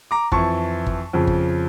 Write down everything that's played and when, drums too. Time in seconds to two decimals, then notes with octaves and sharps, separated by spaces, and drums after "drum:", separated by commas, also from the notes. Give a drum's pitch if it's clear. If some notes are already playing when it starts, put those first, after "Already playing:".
0.11 A#5 D6
0.32 F2 E3 A5 C#6, drum: kick G1
0.86 drum: kick G1
1.13 F2 C#3 F3
1.27 drum: kick G1